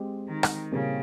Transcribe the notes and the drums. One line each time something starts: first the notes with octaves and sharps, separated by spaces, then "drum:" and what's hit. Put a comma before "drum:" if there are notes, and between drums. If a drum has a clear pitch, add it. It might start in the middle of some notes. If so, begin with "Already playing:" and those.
Already playing: G#3 C4 G4
D#3
drum: rim click
A#2 C#3 G3 C4 G4 A#4